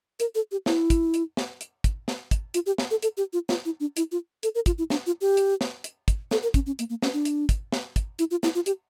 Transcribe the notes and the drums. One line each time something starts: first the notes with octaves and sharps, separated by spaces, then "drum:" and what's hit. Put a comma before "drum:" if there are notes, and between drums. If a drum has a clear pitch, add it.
A#4, drum: hi-hat
A4
G4
E4, drum: snare
drum: kick, hi-hat
drum: hi-hat
drum: snare
drum: hi-hat
drum: kick, hi-hat
drum: snare
drum: kick, hi-hat
F4, drum: hi-hat
G4
drum: snare
A4
A4, drum: hi-hat
G4
F4
F4, drum: snare
E4
D4
E4, drum: hi-hat
F4
A4, drum: hi-hat
A#4
F4, drum: kick, hi-hat
E4
D4, drum: snare
F4
G4
drum: hi-hat
drum: snare
drum: hi-hat
drum: kick, hi-hat
A4, drum: snare
A#4
C#4, drum: kick, hi-hat
C#4
A#3, drum: hi-hat
A#3
C#4, drum: snare
D4
drum: hi-hat
drum: kick, hi-hat
drum: snare
drum: kick, hi-hat
E4, drum: hi-hat
F4
E4, drum: snare
F4
G4, drum: hi-hat